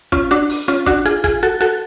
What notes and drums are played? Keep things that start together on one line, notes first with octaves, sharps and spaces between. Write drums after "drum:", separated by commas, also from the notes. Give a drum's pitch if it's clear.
C#4 F4, drum: kick
D4 F#4
drum: open hi-hat
C#4 F4
D4 F#4, drum: kick
F4 G#4
F4 G#4, drum: kick, hi-hat
F#4 A4
F#4 A4